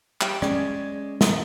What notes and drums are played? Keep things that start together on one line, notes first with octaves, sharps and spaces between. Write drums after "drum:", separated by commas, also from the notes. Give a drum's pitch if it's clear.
G3 G4 G5, drum: clap
G#3 C#4 D5, drum: rim click
drum: snare